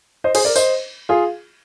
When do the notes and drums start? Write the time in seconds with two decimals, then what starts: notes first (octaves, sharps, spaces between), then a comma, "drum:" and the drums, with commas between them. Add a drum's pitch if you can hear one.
0.24 C5 D#5
0.35 G#4 C5, drum: cymbal
0.45 A#4 D5
0.56 C5 D#5, drum: tambourine
1.09 F4 G#4